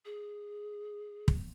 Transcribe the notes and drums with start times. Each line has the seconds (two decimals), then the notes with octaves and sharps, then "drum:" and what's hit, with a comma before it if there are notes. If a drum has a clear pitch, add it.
0.05 G#4
1.28 drum: kick